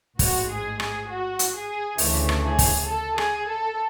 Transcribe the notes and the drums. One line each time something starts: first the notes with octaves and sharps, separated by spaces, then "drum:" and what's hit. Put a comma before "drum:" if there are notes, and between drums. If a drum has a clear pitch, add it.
A1 G#2 G#3 F#4, drum: kick, open hi-hat
G#4
G#4, drum: rim click
F#4
drum: hi-hat
G#4
D2 C#3 E3 A3, drum: open hi-hat
drum: rim click
G#4
drum: kick, open hi-hat
A4
G#4, drum: rim click
A4